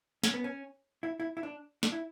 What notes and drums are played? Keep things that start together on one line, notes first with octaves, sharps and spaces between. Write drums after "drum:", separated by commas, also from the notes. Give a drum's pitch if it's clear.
C#4, drum: snare
B3
C#4
E4
E4
E4
D4
D4, drum: snare
E4